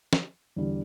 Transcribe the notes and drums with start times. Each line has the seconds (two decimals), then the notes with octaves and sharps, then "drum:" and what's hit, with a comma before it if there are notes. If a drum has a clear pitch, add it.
0.13 drum: snare
0.56 E2 D3 G3